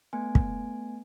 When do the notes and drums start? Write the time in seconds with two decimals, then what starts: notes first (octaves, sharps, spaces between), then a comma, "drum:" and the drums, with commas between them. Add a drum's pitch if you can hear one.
0.13 A3 B3 G#5
0.35 drum: kick